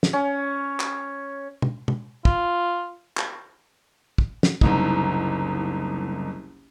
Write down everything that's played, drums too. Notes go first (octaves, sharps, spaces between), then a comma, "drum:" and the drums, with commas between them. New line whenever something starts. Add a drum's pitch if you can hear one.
drum: snare
C#4
drum: clap
drum: tom B2
drum: tom B2
F4, drum: kick
drum: clap
drum: kick
drum: snare
F#1 C2 D#4, drum: kick